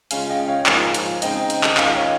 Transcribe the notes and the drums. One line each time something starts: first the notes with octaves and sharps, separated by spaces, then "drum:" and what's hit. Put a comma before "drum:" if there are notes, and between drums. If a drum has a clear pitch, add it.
C#3 G#3 C#4 F4 F5 G#5, drum: hi-hat
D#5 G5
C#5 F5
G#2 F3 A#3 F4 F5 G#5, drum: clap
drum: hi-hat
C#3 G#3 C4 D#4 D#5 G5, drum: hi-hat
drum: hi-hat
drum: clap
D#3 G#3 C#4 F4 F5, drum: clap
D#5
C#5